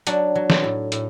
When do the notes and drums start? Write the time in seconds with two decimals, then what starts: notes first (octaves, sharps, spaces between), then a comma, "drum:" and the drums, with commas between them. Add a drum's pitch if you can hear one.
0.07 F#3 D4, drum: hi-hat
0.35 F#3
0.50 drum: snare
0.64 A2
0.92 A2, drum: hi-hat